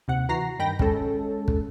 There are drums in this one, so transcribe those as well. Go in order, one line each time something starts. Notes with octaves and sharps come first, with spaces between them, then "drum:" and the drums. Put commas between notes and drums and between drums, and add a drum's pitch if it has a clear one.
D#2 C3 F#5
E3 F#4 A#5 A#6 C7
G2 D#3 G5 B5 A#6
G#3 C#4 A4, drum: kick
drum: kick